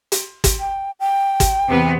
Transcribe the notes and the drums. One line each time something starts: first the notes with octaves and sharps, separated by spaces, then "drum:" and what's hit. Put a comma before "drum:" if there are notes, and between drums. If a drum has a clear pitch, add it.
drum: hi-hat
drum: kick, hi-hat
G5
G5
drum: kick, hi-hat
E2 C3 B3